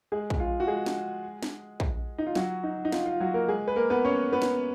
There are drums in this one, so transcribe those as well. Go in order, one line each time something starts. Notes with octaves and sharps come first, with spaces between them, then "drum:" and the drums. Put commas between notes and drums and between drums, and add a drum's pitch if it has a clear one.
G#3 G#4
drum: kick
F4
F#4
G#3 G#4
drum: snare
drum: snare
drum: kick
D#4
F4
F#3 F#4, drum: snare
D#4
D#4
F4, drum: snare
F4
F#3 F#4
A#3 A#4
G#3 G#4
B4
A#3 A#4
B3 B4
C#4 C#5
B3 B4
drum: snare